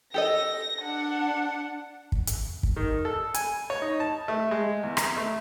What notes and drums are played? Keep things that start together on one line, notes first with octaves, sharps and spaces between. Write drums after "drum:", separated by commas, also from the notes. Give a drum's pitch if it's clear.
G4 A4 D#5 A#6
D4 F#5
drum: kick
drum: hi-hat
drum: kick
D#3
A4
G#5, drum: hi-hat
C#5
D#4
A5
A3
G#3
E2
A#5, drum: rim click
A3